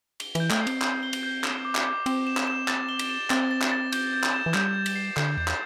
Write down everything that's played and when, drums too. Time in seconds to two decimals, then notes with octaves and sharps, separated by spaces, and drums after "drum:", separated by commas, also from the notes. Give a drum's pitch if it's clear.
0.20 G7, drum: cymbal
0.35 E3, drum: cymbal
0.40 G6
0.50 A3, drum: clap
0.61 C7
0.67 C4, drum: cymbal
0.82 G6, drum: clap
1.03 G7
1.13 drum: cymbal
1.23 G6
1.44 E7, drum: clap
1.65 D6
1.75 drum: clap
1.86 D6
2.06 C4 D6, drum: cymbal
2.27 E7
2.37 drum: clap
2.47 E7
2.68 A6, drum: clap
2.89 G7
2.99 drum: cymbal
3.09 E7
3.30 C4 A6, drum: clap
3.51 A6
3.61 drum: clap
3.72 A6
3.92 G6, drum: cymbal
4.13 G6
4.24 drum: clap
4.34 E7
4.46 E3
4.54 G3 G6, drum: clap
4.75 G6
4.86 drum: cymbal
4.96 C7
5.17 D3 G6, drum: clap
5.37 E2 G6
5.48 drum: clap